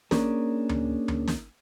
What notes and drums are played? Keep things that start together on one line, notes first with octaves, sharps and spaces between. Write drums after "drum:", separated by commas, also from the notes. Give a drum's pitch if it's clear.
A#3 C#4 D4 G#4 A#4, drum: snare
drum: tom D2
drum: tom D2
drum: snare